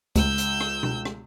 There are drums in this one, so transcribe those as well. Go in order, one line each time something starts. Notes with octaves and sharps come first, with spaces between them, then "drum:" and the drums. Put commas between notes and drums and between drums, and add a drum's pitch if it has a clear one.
C#2 E6 G6, drum: kick C#2, hi-hat
drum: hi-hat
drum: rim click
drum: tom B2
drum: rim click